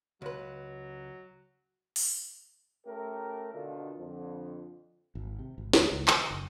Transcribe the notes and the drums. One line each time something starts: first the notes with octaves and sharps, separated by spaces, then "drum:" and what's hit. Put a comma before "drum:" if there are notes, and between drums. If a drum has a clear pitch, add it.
C#2 F#3 B4
drum: open hi-hat
A3 C#4 G4 A#4
B2 D3 D#3 D4 F4 A4
F2 D3
G#1
C3
G#1
D2, drum: snare
C#2
D#3, drum: clap
F#1